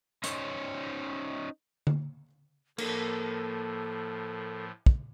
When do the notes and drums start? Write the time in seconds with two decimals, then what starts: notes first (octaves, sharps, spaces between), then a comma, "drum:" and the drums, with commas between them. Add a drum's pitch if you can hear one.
0.24 C#4 D#4 C5 C#5, drum: hi-hat
1.87 drum: tom D3
2.78 A2 F3 A#3 A4, drum: cymbal
4.86 drum: kick